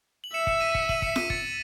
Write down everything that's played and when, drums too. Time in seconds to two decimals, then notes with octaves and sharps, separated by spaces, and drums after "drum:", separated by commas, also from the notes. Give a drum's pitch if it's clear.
0.24 F#7
0.33 E5 C#7 E7
0.47 C#7 E7, drum: kick
0.61 B6 D#7
0.75 C#7 E7, drum: kick
0.89 D#7 F#7, drum: kick
1.02 C#7 E7, drum: kick
1.16 B6 D#7, drum: snare F4
1.30 A6 C#7, drum: kick